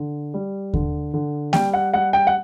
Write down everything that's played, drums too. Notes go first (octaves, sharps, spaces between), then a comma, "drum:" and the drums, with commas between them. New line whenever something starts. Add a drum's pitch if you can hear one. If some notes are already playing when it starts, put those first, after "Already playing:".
Already playing: D3
G3
D3, drum: kick D#2
D3
G3 G5, drum: snare A#3
F#5
G3 F#5
G5
F#5